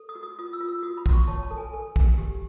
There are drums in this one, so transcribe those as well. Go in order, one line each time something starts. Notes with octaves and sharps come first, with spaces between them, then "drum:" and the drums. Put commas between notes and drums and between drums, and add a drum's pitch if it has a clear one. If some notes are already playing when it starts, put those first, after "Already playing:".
Already playing: A4
D#6
F#4
D#6
F4 D#6
E6
F4
E6
F#4 D#6
B5
F#4 C6, drum: kick
C#6
C#5 A5
A5
A4
G#5
A4
F#4, drum: kick
G4